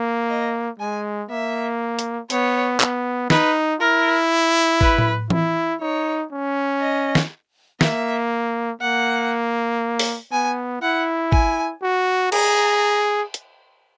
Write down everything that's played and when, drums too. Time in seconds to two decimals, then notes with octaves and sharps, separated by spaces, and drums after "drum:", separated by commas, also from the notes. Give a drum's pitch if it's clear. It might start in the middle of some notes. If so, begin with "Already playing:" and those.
Already playing: A#3
0.29 D#5
0.79 G#3 G#5
1.30 A#3 E5
1.99 drum: hi-hat
2.30 B3 C#5, drum: hi-hat
2.80 B3, drum: clap
3.30 D#4 B4, drum: snare
3.80 E4 A#4
4.81 B4, drum: kick
4.98 drum: tom A2
5.30 E4, drum: tom E3
5.80 D#4 C#5
6.31 C#4
6.81 D#5
7.15 drum: snare
7.81 A#3 E5, drum: snare
8.81 A#3 F#5
9.99 drum: open hi-hat
10.32 B3 G#5
10.82 E4 F#5
11.32 G#5, drum: kick
11.82 F#4
12.32 G#4 A#5, drum: cymbal
13.34 drum: hi-hat